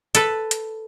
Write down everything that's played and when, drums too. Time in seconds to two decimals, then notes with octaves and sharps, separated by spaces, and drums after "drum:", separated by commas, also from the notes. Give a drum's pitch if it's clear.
0.15 A4 B4, drum: hi-hat
0.51 drum: hi-hat